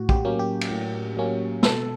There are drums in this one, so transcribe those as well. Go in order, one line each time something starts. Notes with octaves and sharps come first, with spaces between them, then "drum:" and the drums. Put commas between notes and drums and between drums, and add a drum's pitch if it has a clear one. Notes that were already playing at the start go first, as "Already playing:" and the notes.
Already playing: A2 F#4
G4, drum: kick
F#3 A#3 C#4
G4
drum: cymbal
A2
F#3 A#3 C#4
B2 A4, drum: snare